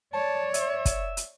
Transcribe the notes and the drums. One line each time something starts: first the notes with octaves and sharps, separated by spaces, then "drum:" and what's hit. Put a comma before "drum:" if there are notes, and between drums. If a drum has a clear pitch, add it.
C#5 D5 A5
E5, drum: hi-hat
drum: kick, hi-hat
drum: hi-hat